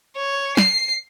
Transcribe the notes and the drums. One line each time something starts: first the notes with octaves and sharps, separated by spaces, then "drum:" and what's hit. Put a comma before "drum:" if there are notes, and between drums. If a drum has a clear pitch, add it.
C#5
C7, drum: snare